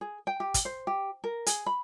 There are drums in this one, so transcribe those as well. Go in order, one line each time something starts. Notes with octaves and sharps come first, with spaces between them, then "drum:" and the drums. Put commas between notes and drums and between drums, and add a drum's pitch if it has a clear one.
G#4
G5
G4
drum: kick, hi-hat
C5
G4
A#4
G#4, drum: hi-hat
B5